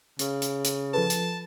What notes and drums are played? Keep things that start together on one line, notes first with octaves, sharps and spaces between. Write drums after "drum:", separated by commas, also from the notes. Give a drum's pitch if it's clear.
C#3, drum: hi-hat
drum: hi-hat
drum: hi-hat
F3 A4 B4 A5
drum: hi-hat